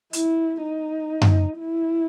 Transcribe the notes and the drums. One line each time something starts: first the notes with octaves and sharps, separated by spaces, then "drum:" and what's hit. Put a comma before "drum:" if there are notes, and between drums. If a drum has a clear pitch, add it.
E4, drum: hi-hat
D#4
drum: tom F#2
E4